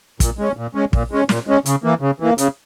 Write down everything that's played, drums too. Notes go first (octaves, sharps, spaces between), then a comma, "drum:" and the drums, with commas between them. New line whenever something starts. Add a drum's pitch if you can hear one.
A#2, drum: kick, hi-hat
G#3 C#4
A#2
G#3 C#4
A#2, drum: kick
G#3 C#4
A#2, drum: snare
G#3 C#4
C#3, drum: hi-hat
E3 A#3
C#3
E3 A#3
C#3, drum: hi-hat